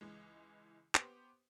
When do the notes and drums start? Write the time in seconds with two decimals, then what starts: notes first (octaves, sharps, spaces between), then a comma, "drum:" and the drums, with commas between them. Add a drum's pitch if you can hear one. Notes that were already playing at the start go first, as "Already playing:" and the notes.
0.01 C#2 E3 G#3
0.95 B3 G4 C5, drum: clap